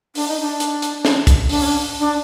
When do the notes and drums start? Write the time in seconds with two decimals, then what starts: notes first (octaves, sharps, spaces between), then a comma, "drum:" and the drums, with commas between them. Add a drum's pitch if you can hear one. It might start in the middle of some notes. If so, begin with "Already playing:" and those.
0.15 D4, drum: open hi-hat
0.28 D#4
0.41 D4
0.60 drum: hi-hat
0.82 drum: hi-hat
1.05 drum: snare
1.27 drum: kick C2, hi-hat
1.49 D4, drum: open hi-hat
1.62 C#4
1.66 D4
1.99 D4